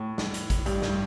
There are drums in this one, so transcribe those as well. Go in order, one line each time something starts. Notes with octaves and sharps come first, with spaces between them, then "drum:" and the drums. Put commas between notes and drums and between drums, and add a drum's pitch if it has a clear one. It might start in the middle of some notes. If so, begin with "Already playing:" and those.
Already playing: A2
drum: snare
drum: hi-hat
drum: kick G#1, hi-hat
G2, drum: hi-hat
drum: snare